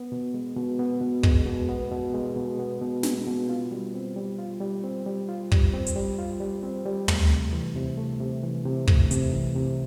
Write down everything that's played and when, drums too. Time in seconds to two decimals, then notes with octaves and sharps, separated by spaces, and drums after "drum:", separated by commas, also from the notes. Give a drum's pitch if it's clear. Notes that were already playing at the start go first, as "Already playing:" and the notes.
Already playing: B3
0.12 B2
0.34 G#3
0.57 B2
0.79 B3
1.01 B2
1.23 G#3, drum: kick
1.46 B2
1.69 B3
1.91 B2
2.14 G#3
2.36 B2
2.59 B3
2.82 B2
3.03 G#3, drum: snare
3.27 B2
3.49 F4
3.71 G3
3.94 C4
4.16 G3
4.39 F4
4.60 G3
4.84 C4
5.06 G3
5.29 F4
5.52 G3, drum: kick
5.74 C4
5.86 drum: hi-hat
5.96 G3
6.19 F4
6.40 G3
6.63 C4
6.86 G3
7.08 A3, drum: tom
7.30 C3
7.53 E3
7.76 C3
7.98 A3
8.20 C3
8.43 E3
8.65 C3
8.87 A3, drum: kick
9.11 C3, drum: hi-hat
9.33 E3
9.55 C3